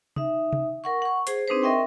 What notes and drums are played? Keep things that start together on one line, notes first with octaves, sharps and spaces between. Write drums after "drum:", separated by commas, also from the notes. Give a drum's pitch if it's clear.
D#4 E5, drum: tom C3
drum: tom C3
A#4 F#5 C#6
F#5 C#6
G#4 C5, drum: hi-hat
C4 D4 D#4 G#4 B4 C5
A#4 D#5 E5 G5 C6 C#6